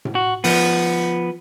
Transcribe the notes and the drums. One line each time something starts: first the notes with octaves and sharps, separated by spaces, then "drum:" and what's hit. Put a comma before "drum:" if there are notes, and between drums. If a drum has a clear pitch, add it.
drum: tom A2
F#4
F3 B3, drum: open hi-hat